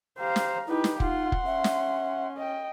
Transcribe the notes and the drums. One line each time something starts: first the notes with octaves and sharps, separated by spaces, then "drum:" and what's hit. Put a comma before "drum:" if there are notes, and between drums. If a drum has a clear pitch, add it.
G4 C5 F5 A#5
drum: snare
D#4 E4 G4 B4
drum: snare
D#4 F4 F#5 C6, drum: kick
drum: kick
C#4 E5
drum: snare
D#5 G5